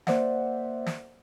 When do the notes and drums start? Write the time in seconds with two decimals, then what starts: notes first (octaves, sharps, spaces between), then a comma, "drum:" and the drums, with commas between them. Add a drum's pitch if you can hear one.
0.07 A#3 C5 D5 E5 F#5, drum: snare
0.86 drum: snare